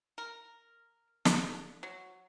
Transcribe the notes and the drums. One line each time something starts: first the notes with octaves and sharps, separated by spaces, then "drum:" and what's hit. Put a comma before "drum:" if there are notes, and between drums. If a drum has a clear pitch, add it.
A#4
D4, drum: snare
F#3